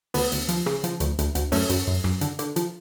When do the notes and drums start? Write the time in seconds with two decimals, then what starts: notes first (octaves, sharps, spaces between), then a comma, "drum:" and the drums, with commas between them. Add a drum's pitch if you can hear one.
0.14 D2 B3, drum: open hi-hat
0.32 D2, drum: hi-hat
0.49 F3, drum: hi-hat
0.66 C#3, drum: rim click
0.84 F3, drum: hi-hat
1.00 D2, drum: hi-hat
1.19 D2, drum: hi-hat
1.35 D2, drum: hi-hat
1.52 F#2 A3 C#4, drum: open hi-hat
1.69 F#2, drum: hi-hat
1.87 F#2
2.04 F#2, drum: rim click
2.21 D3, drum: hi-hat
2.39 D3, drum: hi-hat
2.56 F3, drum: hi-hat